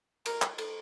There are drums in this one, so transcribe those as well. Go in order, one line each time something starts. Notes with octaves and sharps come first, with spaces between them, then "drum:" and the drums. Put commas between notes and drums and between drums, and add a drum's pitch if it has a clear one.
A#4, drum: cymbal
drum: clap
A4, drum: cymbal